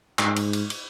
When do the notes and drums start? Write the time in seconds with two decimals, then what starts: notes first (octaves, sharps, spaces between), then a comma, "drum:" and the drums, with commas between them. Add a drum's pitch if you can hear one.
0.19 G#2, drum: clap
0.36 drum: cymbal
0.53 drum: cymbal
0.70 drum: cymbal